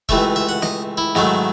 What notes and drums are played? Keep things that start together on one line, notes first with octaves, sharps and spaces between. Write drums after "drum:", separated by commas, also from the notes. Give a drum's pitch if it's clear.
C#2 C3 E3 A3 E5, drum: kick F1
E5
F#5
D#5, drum: snare
E4
G#2 D#3 F#3 A3, drum: snare